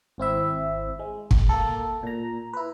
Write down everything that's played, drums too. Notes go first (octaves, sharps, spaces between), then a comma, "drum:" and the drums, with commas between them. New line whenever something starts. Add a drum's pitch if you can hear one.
G#1 C4 E4 E5
G#3
drum: kick
A#3 A4
A#2 A#5
E4 B4